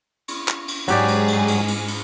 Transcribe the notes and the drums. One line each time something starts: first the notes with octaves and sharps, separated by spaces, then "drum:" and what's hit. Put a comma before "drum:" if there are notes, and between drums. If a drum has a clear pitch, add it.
drum: cymbal
drum: clap
drum: cymbal
G#2 F#3 G4 G#4 D5, drum: cymbal
drum: cymbal
drum: cymbal
drum: cymbal
drum: cymbal
drum: cymbal